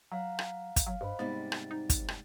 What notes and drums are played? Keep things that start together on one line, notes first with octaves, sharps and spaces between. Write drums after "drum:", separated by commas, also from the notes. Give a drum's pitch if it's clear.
F#3 F5 F#5 A#5
drum: rim click
drum: kick, hi-hat
F#3 F5
G2 C5 D#5 B5
G#2 C3 G3 B3 A6
drum: rim click
D#4
drum: kick, hi-hat
drum: rim click